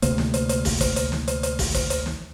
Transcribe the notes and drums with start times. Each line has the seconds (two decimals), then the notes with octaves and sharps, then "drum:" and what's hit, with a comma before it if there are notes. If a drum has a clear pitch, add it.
0.02 D2 C3 A3 A#3, drum: hi-hat
0.18 drum: snare
0.34 drum: hi-hat
0.49 drum: hi-hat
0.65 drum: kick, open hi-hat
0.81 drum: kick, hi-hat
0.96 drum: hi-hat
1.12 drum: snare
1.28 drum: hi-hat
1.43 drum: hi-hat
1.59 drum: kick, open hi-hat
1.74 drum: kick, hi-hat
1.90 drum: hi-hat
2.06 drum: snare